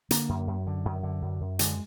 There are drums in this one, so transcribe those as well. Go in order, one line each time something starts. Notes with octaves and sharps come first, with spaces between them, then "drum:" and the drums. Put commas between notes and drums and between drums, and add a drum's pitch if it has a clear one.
D3 A#3, drum: hi-hat
F#2
F#2
D3
F#2
D3
F#2
F#2
D3 G#3, drum: hi-hat